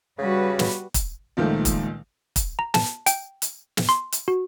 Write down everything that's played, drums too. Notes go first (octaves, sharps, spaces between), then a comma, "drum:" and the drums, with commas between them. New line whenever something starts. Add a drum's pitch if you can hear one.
C#3 G3 F#4 B4
drum: snare
drum: kick, hi-hat
C#2 A#2 D#3 F3 A3
drum: kick, hi-hat
drum: kick, hi-hat
A#5
A5, drum: snare
G5, drum: hi-hat
drum: hi-hat
drum: snare
C6
drum: hi-hat
F#4